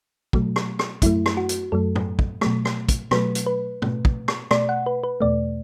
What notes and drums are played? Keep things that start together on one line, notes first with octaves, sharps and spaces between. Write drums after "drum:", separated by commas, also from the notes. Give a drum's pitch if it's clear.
B2 F#3 A3, drum: kick
drum: rim click
drum: rim click
F#2 F#3 A3 E4, drum: kick, hi-hat
drum: rim click
F#4
drum: hi-hat
F#2 F#3 A3 A4
drum: tom
drum: kick
B2 F#3 A3, drum: rim click
drum: rim click
drum: kick, hi-hat
B2 F#3 A3 B4, drum: rim click
drum: hi-hat
B4
B2 A3, drum: tom
drum: kick
drum: rim click
B2 A3 D5, drum: rim click
F#5
B4
B4
E2 B2 A3 D5